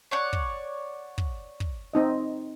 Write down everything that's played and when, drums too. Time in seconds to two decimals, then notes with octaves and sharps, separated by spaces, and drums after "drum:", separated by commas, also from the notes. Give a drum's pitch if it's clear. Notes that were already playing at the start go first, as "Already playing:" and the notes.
0.11 C#5 D5 F#5
0.33 drum: kick
1.18 drum: kick
1.60 drum: kick
1.93 C4 D#4 D#5